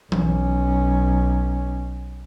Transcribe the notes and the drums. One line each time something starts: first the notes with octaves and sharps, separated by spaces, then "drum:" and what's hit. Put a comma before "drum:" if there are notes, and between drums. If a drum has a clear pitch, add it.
B1 C#4, drum: tom E3